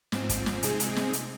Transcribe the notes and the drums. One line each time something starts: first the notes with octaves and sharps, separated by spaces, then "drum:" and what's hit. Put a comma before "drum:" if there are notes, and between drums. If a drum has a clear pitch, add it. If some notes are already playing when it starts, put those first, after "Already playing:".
G#2 F3 C4, drum: snare
drum: kick, hi-hat
drum: snare
C3 G#3 C4 D#4 G#4, drum: hi-hat
drum: hi-hat
drum: snare
drum: hi-hat